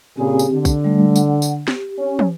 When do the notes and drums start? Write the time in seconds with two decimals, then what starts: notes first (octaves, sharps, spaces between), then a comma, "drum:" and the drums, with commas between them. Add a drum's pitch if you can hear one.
0.17 A#2 C#3 C4 G4 G#4
0.39 drum: tambourine
0.53 D3
0.65 drum: kick, tambourine
0.84 G3 A3 D4
1.16 F#5, drum: tambourine
1.42 drum: tambourine
1.68 G4, drum: snare
1.98 C#4
2.19 drum: tom